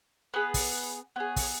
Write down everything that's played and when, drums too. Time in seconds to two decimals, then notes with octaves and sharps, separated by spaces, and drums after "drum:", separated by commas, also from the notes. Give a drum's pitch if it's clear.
0.34 B3 G#4 B4
0.54 drum: kick, open hi-hat
1.16 B3 G#4 C#5
1.36 drum: kick, open hi-hat